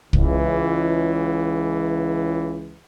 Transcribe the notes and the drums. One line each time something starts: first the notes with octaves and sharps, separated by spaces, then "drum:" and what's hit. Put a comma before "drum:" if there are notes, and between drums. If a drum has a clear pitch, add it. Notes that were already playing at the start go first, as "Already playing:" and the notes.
C#2 E3, drum: kick